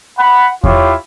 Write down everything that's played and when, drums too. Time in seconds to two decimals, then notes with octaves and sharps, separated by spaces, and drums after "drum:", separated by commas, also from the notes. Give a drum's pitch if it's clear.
0.18 F#5 B5
0.64 E4 F4 G4 C#5, drum: kick E2